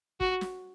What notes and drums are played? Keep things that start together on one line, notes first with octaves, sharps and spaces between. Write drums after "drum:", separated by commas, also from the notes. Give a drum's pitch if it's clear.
F#4, drum: kick
drum: snare